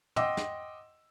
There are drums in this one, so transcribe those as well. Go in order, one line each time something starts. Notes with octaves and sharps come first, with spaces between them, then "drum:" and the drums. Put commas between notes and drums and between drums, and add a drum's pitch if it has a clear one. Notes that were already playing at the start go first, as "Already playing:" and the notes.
D#5 F#5 G5 C6 D6 E6, drum: tom
drum: snare